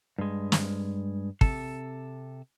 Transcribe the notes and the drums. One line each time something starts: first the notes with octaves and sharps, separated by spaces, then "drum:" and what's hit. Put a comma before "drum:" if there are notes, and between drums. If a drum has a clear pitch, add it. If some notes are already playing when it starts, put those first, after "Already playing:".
G2 G#3
drum: snare
C3 A4, drum: kick